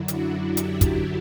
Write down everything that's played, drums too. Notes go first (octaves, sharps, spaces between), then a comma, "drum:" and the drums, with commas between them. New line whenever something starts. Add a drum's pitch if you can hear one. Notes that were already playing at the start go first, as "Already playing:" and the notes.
Already playing: F#2 D3 F#3 E4
D4 F#4, drum: hi-hat
E4 G4, drum: hi-hat
drum: kick, hi-hat